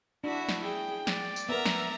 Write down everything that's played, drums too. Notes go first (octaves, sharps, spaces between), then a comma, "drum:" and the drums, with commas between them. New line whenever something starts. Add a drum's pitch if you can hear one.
D4 E4 F#4
drum: snare
G#4 G5
D5, drum: snare
drum: tambourine
B3 A#4 E5 A#5
drum: snare